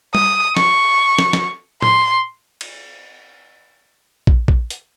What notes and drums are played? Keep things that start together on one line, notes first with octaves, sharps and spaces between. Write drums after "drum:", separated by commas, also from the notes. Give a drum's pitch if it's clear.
D#6, drum: tom
C#6, drum: snare
drum: snare
drum: snare
C6, drum: tom A2
drum: cymbal
drum: kick
drum: kick
drum: hi-hat